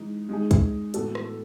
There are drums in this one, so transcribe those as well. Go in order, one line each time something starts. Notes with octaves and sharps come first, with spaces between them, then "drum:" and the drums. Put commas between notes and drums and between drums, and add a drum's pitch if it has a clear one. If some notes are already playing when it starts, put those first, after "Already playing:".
Already playing: E3 G#3 D#4
G#3 D#4 G#4
drum: kick, hi-hat
A2 E3 B3 F#4 A4, drum: hi-hat
drum: rim click